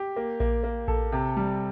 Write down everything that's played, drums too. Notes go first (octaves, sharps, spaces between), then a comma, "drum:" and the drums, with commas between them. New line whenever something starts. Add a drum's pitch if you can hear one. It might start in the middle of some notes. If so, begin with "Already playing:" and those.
Already playing: G4
A#3
A#3, drum: kick A#1
A#3
A4, drum: kick A#1
C3
G3